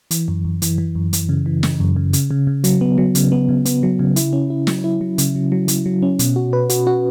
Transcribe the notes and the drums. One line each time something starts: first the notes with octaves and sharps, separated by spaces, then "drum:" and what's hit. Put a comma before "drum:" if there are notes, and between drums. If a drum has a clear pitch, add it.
E3, drum: hi-hat
F#2
F#2
E3, drum: hi-hat
E3
F#2
E3, drum: hi-hat
C#3
E3
C#3, drum: snare
F#2
C#3
C#3, drum: hi-hat
C#3
C#3
F#3, drum: hi-hat
B3
F#3
C#3, drum: hi-hat
B3
C#3
B3, drum: hi-hat
F#3
C#3
E4, drum: hi-hat
C#4
E4
F#3, drum: snare
E4
F#3
C#3, drum: hi-hat
F#3
F#3
F#3, drum: hi-hat
F#3
C#4
B2, drum: hi-hat
F#4
B4
F#4, drum: hi-hat
F#4